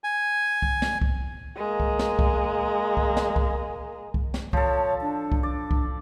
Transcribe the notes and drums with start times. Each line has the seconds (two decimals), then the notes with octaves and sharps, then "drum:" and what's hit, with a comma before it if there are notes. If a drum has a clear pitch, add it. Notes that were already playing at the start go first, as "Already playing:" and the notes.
0.04 G#5
0.62 drum: kick C2
0.82 drum: snare
1.02 drum: kick C2
1.57 G#3 A#3
1.80 drum: kick C2
1.99 drum: snare
2.19 drum: kick C2
2.97 drum: kick C2
3.17 drum: snare
3.36 drum: kick C2
4.14 drum: kick C2
4.34 drum: snare
4.53 F3 A4 C#5, drum: kick C2
5.01 D4
5.32 drum: kick C2
5.43 D4 D5
5.71 drum: kick C2